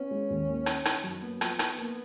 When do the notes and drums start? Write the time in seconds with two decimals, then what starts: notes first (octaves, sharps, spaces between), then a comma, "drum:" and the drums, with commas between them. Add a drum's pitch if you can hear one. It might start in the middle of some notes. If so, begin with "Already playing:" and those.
Already playing: B3 C#4
0.11 G#3
0.30 D#2
0.49 A#3
0.66 D#4, drum: rim click
0.85 D#4, drum: rim click
1.04 F#2
1.22 A#3 B3
1.41 F3, drum: rim click
1.59 D#4, drum: rim click
1.78 A#3